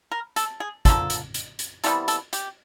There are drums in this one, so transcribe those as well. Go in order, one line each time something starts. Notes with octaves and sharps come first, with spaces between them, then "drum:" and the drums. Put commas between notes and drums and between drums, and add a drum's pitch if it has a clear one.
A#4
A4, drum: hi-hat
G#4
D3 F3 A#3 A4, drum: kick, hi-hat
drum: hi-hat
drum: hi-hat
drum: hi-hat
C3 E3 G3 B3 A4, drum: hi-hat
A4, drum: hi-hat
G4, drum: hi-hat